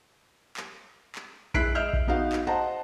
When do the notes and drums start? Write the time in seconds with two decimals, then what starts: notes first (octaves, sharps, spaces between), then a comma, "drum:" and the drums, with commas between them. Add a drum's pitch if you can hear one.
0.57 drum: clap
1.15 drum: clap
1.54 G#3 E4 F#6 B6 C7 D7, drum: kick A#1
1.75 D#5 E5 F6 G6
1.93 drum: kick A#1
2.08 B3 D#4 F#4 F5
2.32 drum: clap
2.47 C5 D#5 F#5 A5 A#5